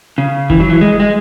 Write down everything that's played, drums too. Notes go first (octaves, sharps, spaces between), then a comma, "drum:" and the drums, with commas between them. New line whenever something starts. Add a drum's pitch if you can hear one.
C#3
E3, drum: kick F#1
F#3
E3
G#3
G#3